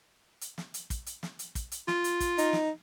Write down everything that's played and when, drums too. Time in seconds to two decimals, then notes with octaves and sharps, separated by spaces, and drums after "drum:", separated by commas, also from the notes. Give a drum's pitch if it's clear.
0.41 drum: hi-hat
0.58 drum: snare
0.74 drum: hi-hat
0.90 drum: kick, hi-hat
1.06 drum: hi-hat
1.23 drum: snare
1.39 drum: hi-hat
1.55 drum: kick, hi-hat
1.72 drum: hi-hat
1.88 F4, drum: snare
2.04 drum: hi-hat
2.20 drum: kick, hi-hat
2.38 D#4, drum: hi-hat
2.53 drum: snare